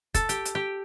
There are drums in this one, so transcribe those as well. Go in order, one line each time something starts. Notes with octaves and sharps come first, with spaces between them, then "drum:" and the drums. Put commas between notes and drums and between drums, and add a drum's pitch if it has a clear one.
A4, drum: kick, hi-hat
G4, drum: hi-hat
drum: hi-hat
G4